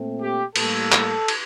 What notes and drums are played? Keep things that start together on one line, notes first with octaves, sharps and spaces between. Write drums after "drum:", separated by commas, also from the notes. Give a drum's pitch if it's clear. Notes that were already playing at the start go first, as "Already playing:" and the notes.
Already playing: A#2 A3 C4
G4
A2 G3 A#3 A4, drum: cymbal
drum: clap
drum: cymbal